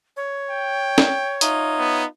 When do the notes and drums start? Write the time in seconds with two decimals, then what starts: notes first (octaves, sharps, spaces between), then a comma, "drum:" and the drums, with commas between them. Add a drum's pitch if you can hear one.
0.17 C#5
0.51 G5
0.98 drum: snare
1.41 D#4 F4 E5, drum: hi-hat
1.79 B3